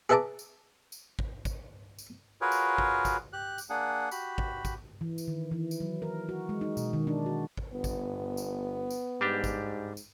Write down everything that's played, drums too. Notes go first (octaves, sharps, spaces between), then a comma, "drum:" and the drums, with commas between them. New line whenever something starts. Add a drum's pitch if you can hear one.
G#4 B4 E5 A5 A#5 D6
drum: tambourine
drum: tambourine
drum: kick
drum: kick, tambourine
drum: tambourine
F4 F#4 G#4 A#4 B4 C#5
drum: tambourine
drum: kick
drum: kick, tambourine
G4 F#6
drum: tambourine
A#3 D4 G#4 F#5
F#4 G4 B5, drum: tambourine
drum: kick
drum: kick, tambourine
E3
drum: tambourine
D#3
E3
drum: tambourine
F#3
A#4
F#4
G#3
D#4
B2, drum: tambourine
D#3
D4
F#4
drum: kick
G1 B3
drum: kick, tambourine
drum: tambourine
drum: tambourine
G#2 G3 D4 G4
drum: kick, tambourine
drum: tambourine